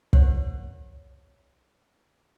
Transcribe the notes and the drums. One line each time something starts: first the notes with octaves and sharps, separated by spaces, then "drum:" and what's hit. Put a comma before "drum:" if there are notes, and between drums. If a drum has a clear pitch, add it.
G4 A#4 C5 C#5 F#5, drum: kick